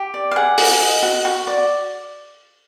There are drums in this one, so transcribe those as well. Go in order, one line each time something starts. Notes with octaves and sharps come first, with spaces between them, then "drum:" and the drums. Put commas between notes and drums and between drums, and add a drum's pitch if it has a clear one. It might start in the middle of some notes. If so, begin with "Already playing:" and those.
Already playing: G4
D5
F5
G#4 F#5
G#4, drum: open hi-hat
D#5
F#4
F#4
D5